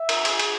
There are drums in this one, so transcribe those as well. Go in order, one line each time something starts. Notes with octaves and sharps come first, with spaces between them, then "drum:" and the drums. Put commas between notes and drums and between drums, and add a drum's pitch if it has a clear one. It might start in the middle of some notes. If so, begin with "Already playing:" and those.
Already playing: E5
A#4, drum: cymbal
G#4, drum: cymbal
drum: cymbal